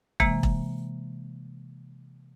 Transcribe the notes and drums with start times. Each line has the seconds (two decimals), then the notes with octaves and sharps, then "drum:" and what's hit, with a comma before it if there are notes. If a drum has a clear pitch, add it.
0.20 C3 E3 G#3 A#3, drum: kick E1
0.43 drum: kick E1